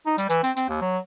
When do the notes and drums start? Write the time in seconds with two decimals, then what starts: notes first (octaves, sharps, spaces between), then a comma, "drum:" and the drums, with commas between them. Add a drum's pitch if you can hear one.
0.06 D#4
0.18 G3, drum: hi-hat
0.29 E3, drum: hi-hat
0.44 C4, drum: hi-hat
0.56 C4, drum: hi-hat
0.69 D#2
0.81 F#3